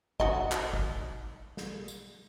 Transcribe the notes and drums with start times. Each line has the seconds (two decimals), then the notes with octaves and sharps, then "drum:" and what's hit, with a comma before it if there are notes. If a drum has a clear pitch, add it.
0.20 D#4 F#4 D#5, drum: kick
0.52 drum: clap
0.73 drum: kick
1.57 drum: snare
1.88 drum: tambourine